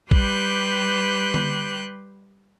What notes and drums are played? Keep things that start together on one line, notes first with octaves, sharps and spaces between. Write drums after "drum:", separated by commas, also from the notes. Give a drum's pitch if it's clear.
G3 G4 B4 C6 F#6 G6, drum: kick
drum: tom D3